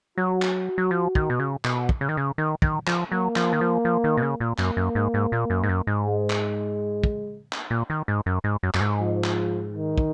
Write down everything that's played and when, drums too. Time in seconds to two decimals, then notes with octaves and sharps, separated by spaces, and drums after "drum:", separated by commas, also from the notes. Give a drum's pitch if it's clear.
0.18 F#3 F#4
0.42 drum: clap
0.78 F#3
0.91 F3
1.15 D#3, drum: kick
1.30 B2
1.40 C#3
1.65 B2, drum: clap
1.89 drum: kick
2.01 C#3
2.09 D#3
2.17 C#3
2.38 D#3
2.62 D#3, drum: kick
2.87 F3, drum: clap
3.12 F#3 A#3
3.36 F3, drum: clap
3.53 D#3
3.61 F3
3.85 F3
4.04 D#3
4.17 B2
4.22 C#3
4.40 A#2
4.58 F#2 A#3, drum: clap
4.77 F#2
4.95 G#2
5.14 G#2
5.32 A#2
5.50 F#2
5.63 G#2
5.69 F#2
5.87 G#2
6.06 G#3
6.30 drum: clap
7.04 drum: kick
7.53 drum: clap
7.70 A#2
7.90 D#3
8.08 G#2
8.26 F#2
8.44 G#2
8.63 F#2
8.74 F#2, drum: clap
8.81 G#2
9.00 F3
9.24 drum: clap
9.74 D#3
9.98 drum: kick